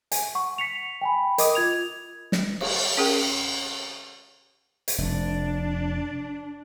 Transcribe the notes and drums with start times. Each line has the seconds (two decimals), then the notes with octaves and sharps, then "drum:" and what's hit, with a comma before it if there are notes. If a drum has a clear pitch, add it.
0.12 G#5, drum: hi-hat
0.35 F#5 C#6
0.58 B6 C#7 F7
1.01 G5 G#5 B5
1.38 A#4 D#5 D6 D#6, drum: hi-hat
1.55 F4 G#6 F7
2.32 drum: snare
2.61 drum: cymbal
2.97 C#4 G#4 A#4 G5
4.88 drum: hi-hat
4.98 F1 D4